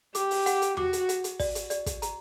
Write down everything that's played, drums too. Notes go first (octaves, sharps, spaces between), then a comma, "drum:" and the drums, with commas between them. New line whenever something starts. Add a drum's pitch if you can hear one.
G4 D6, drum: hi-hat
drum: open hi-hat
F#5, drum: hi-hat
drum: hi-hat
F#4 D6, drum: tom E2
drum: hi-hat
F#5, drum: hi-hat
drum: hi-hat
D5, drum: kick, open hi-hat
drum: hi-hat
D5, drum: hi-hat
drum: kick, hi-hat
A#5, drum: hi-hat